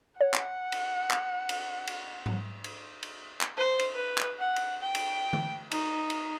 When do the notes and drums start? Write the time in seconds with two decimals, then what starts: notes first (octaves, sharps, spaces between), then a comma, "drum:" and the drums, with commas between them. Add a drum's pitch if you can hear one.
0.21 C#5 F#5
0.34 drum: clap
0.72 drum: cymbal
1.11 drum: clap
1.49 drum: cymbal
1.87 drum: cymbal
2.26 drum: tom G#2
2.64 drum: cymbal
3.03 drum: cymbal
3.41 drum: clap
3.57 C5
3.79 drum: cymbal
3.95 B4
4.18 drum: clap
4.39 F#5
4.56 drum: cymbal
4.82 G5
4.95 drum: cymbal
5.33 drum: tom D3
5.71 D#4, drum: cymbal
6.10 drum: cymbal